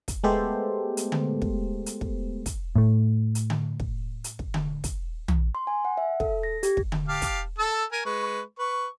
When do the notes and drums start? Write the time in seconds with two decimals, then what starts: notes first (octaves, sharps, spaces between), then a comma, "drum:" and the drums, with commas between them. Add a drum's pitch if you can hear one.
0.08 drum: kick, hi-hat
0.24 G#3 A3 B3 G4 A4 C5
0.97 drum: hi-hat
1.12 drum: tom D3
1.42 drum: kick
1.86 drum: hi-hat
2.01 drum: kick
2.46 drum: kick, hi-hat
2.76 A2 A3
3.35 drum: hi-hat
3.50 drum: tom D3
3.80 drum: kick
4.24 drum: hi-hat
4.39 drum: kick
4.54 drum: tom D3
4.84 drum: kick, hi-hat
5.28 drum: tom
5.55 C6
5.67 G#5
5.85 F#5
5.97 E5
6.20 A4, drum: kick
6.43 A#6
6.63 G4, drum: hi-hat
6.77 drum: kick
6.92 drum: tom D3
7.08 G4 F5 A5
7.22 drum: kick, hi-hat
7.58 A4 A5 E6
7.92 A#4 G#5
8.05 G#3 B4 C#6
8.59 B4 C#6